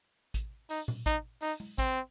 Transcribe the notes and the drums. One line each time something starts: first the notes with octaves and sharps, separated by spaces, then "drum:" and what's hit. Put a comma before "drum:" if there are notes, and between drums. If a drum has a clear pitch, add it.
drum: kick A1, hi-hat
D#4, drum: open hi-hat
drum: tom A#2
D#4, drum: kick A1, hi-hat
D#4, drum: open hi-hat
drum: tom G#3
C4, drum: kick A1, hi-hat